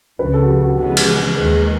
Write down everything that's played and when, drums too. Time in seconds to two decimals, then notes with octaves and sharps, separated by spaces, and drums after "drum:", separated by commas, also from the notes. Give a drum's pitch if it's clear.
0.18 C#2 C#3 F3 B4
0.34 A4
0.43 F#4
0.48 G4
0.63 F#4
0.77 F2 C#3 E3 G#3 B3 F#4
0.97 G4, drum: cymbal
1.16 G#4
1.36 D#2 D#3 G#3 B4